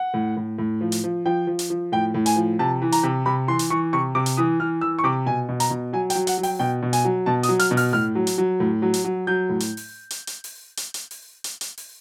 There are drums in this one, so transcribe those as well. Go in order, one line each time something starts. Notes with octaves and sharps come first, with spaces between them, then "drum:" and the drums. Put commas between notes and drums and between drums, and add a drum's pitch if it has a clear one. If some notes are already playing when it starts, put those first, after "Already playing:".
Already playing: F#5
A2
A2
A2
F3
drum: hi-hat
F3
F3 G5
F3
drum: hi-hat
F3
A2 G5
A2
G#5, drum: hi-hat
F3
C3 A5
E3
A#5, drum: hi-hat
C3
C3 B5
E3 C6
drum: hi-hat
E3 C#6
C3 C#6
C3 D6
drum: hi-hat
E3 D#6
E3 F6
E3 E6
C#6
C3 D6
B2 G#5
B2
A#5, drum: hi-hat
B2
F#3 G#5
G5, drum: hi-hat
F#3
F#5, drum: hi-hat
F#3
G5, drum: open hi-hat
B2 G5
B2
G#5, drum: hi-hat
F#3
B2 A5
D#6, drum: hi-hat
F#3
F6, drum: hi-hat
B2
F6, drum: open hi-hat
A2 F6
F#3
drum: hi-hat
F#3
A2
F#3
drum: hi-hat
F#3
F#3 G6
A2
drum: hi-hat
drum: open hi-hat
drum: hi-hat
drum: hi-hat
drum: open hi-hat
drum: hi-hat
drum: hi-hat
drum: open hi-hat
drum: hi-hat
drum: hi-hat
drum: open hi-hat